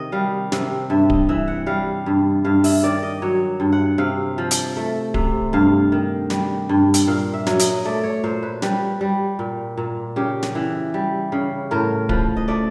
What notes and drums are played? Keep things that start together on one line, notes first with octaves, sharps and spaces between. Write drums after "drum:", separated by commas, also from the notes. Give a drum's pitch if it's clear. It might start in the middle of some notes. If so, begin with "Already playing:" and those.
Already playing: C3 D#3 D#5
G3 F5
C3, drum: snare
G2 E5
D#5, drum: kick D1
E3 E5
F#5
G3 F5
G2
G2 F5
E5, drum: open hi-hat
D#3 D5
D#5
F#3 C#5
G2
F#5
C3 F5
F3
drum: hi-hat
A3
C3, drum: kick D1
G2 F5
D#3
G3, drum: snare
G2
drum: hi-hat
A#2 F5
E5
F#3, drum: snare
D#5, drum: hi-hat
A3 D5
C#5
A#2 C5
B4
G3 B4, drum: snare
G3
A#2
A#2
C#3 G4
drum: snare
E3
G3
C#3
A2 A#4
F3 B4, drum: kick D1
D#5
A3 D5